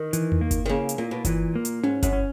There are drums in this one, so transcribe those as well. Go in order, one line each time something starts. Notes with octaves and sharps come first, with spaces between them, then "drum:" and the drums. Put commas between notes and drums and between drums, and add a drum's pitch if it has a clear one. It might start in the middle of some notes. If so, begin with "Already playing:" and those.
Already playing: D#3
E3, drum: hi-hat
drum: tom E2
A#3
drum: kick G1, hi-hat
D#3
C#3 A#3
drum: hi-hat
A#2 A#3
B2
A#2 E3, drum: kick G1, hi-hat
A#3
drum: hi-hat
G#2 C#4, drum: tom C#4
F#2, drum: kick G1, hi-hat
C#4